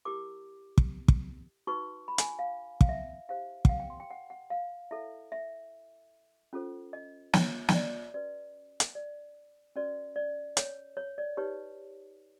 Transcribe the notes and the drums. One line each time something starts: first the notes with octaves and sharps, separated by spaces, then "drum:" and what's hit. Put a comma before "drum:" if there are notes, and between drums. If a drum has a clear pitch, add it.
E4 G4 A#4 D6
drum: kick
drum: kick
D#4 F#4 B4 C#6
B5
G#5, drum: hi-hat
F5
F5, drum: kick
E5
D#4 G4 C5 F5
F#5, drum: kick
F5
G5
C6
G5
F#5
F#5
F5
E4 A4 C#5 E5
E5
C#4 F4 A4 C5
D#5
C#5, drum: snare
D#5, drum: snare
D5
C#4 F#4 B4 D5
drum: hi-hat
D5
C#4 F#4 B4 D5
D5
C#5, drum: hi-hat
C#5
D5
D#4 G4 B4 C#5